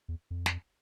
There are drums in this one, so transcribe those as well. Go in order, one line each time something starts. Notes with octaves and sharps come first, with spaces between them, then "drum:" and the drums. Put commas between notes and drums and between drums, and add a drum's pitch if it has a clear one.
E2
F2
drum: snare